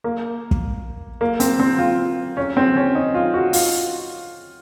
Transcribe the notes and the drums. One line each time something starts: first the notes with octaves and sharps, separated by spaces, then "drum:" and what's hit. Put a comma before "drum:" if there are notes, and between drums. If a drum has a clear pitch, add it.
A#3
drum: kick
A#3
C4, drum: hi-hat
C4
F4
C#4
C4
C#4
D#4
F4
F#4
F4, drum: open hi-hat